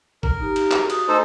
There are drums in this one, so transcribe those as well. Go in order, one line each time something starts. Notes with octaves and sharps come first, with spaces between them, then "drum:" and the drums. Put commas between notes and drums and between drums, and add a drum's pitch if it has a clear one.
A#4, drum: kick
D#4 G4
drum: cymbal
F#4 G#4, drum: clap
D#6, drum: cymbal
A3 D#4 A4 C5 G#5